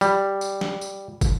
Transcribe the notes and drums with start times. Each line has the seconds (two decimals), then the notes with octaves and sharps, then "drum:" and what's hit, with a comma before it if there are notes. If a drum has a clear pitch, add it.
0.01 G3, drum: tambourine
0.41 drum: tambourine
0.61 drum: snare
0.81 drum: tambourine
1.21 drum: kick, tambourine